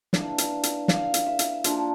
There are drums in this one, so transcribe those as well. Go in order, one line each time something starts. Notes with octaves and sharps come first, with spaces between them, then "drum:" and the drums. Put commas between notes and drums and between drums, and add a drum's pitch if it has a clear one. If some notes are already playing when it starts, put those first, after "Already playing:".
E3 A#3 D4 F5, drum: snare
drum: hi-hat
drum: hi-hat
F5, drum: snare
drum: hi-hat
E5
drum: hi-hat
F3 A#3 D4, drum: hi-hat